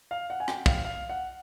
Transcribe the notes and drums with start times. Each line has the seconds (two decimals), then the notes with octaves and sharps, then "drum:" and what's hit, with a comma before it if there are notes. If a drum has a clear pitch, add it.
0.11 F5
0.30 F#5
0.40 G#5
0.48 G5, drum: rim click
0.66 F5, drum: kick
0.85 F5
1.09 F#5